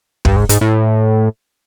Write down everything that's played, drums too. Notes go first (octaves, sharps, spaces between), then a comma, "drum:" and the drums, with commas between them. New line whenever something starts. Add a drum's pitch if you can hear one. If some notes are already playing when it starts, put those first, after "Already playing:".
G2, drum: kick
G#2
G#2, drum: hi-hat
A2